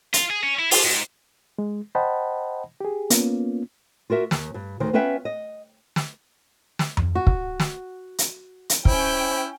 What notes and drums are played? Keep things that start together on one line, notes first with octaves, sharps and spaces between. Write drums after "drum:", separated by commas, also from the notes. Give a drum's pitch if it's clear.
F4, drum: hi-hat
G#4
C#4
E4
F4, drum: open hi-hat
G#2
G#3
C5 D#5 F#5 G5 A5 B5
G4 G#4
A#3 B3 C#4 F4, drum: hi-hat
F4 F#4 A#4 E5
D#2, drum: snare
G2
D2 D#3 C5
B3 C#4 F4 B4 E5 G5
D#5
drum: snare
drum: snare
drum: tom F2
F#4
drum: kick
drum: snare
drum: hi-hat
drum: hi-hat
C#4 E4 C5 G5, drum: kick